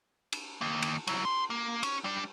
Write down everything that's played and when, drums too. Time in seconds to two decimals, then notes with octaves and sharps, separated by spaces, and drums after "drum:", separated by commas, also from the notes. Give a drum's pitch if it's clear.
0.32 drum: cymbal
0.61 D#3 A#3
0.82 drum: cymbal
1.07 F#3 E4, drum: cymbal
1.25 C6
1.50 A#3
1.83 C#4, drum: cymbal
2.04 G3 D4